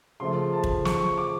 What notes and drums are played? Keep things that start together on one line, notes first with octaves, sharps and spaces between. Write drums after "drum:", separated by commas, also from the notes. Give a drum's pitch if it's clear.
C#3 F3 A3 C6
A5
drum: kick
C#6, drum: snare
D6